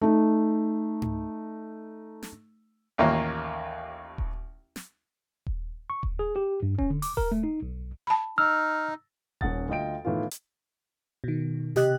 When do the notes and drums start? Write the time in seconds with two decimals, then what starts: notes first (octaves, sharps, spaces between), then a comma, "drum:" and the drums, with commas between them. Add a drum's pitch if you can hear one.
0.02 A3 D#4
1.02 drum: tom G#2
2.23 drum: snare
2.98 A1 D#2 A#3 F4 C#5
4.18 drum: kick D#1
4.76 drum: snare
5.46 drum: kick D#1
5.90 C#6
6.03 D2, drum: kick D#1
6.19 G#4
6.36 G4
6.63 G2
6.78 C#4, drum: kick D#1
6.90 D3
7.02 D6, drum: open hi-hat
7.17 A#4, drum: kick D#1
7.32 A3
7.44 D#4
7.62 B1
8.07 A5 B5
8.38 D#4 E6 F6
9.41 D#1 C#4 F#5 D#6 A6, drum: kick D#1
9.69 D2 F4 D#5 G5 D7
10.05 A2 D#3 E3 B3 F4
10.31 drum: hi-hat
11.24 B2 D#3
11.76 C3 G4 D#5 F#6, drum: snare